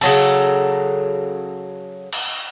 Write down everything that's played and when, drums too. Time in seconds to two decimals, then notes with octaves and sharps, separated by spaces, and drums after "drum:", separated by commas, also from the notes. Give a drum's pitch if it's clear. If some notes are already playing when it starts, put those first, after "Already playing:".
0.01 C#3 F#3 A4, drum: cymbal
2.13 drum: cymbal